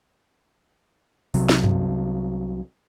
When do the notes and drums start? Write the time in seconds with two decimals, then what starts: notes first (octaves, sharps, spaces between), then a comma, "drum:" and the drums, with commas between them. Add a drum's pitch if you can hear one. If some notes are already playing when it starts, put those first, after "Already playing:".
1.34 C2 C3 F#3, drum: open hi-hat
1.49 drum: snare
1.64 drum: tom F#2